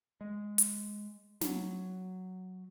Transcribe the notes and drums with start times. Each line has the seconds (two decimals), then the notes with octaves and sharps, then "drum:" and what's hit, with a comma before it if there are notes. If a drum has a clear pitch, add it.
0.21 G#3
0.58 drum: hi-hat
1.41 F#3, drum: snare